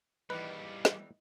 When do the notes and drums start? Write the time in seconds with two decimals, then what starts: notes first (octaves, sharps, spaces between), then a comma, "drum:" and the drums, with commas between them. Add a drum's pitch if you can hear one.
0.30 E2 D#3 E3 G3 A#3 B4 D#5 C#7
0.85 drum: snare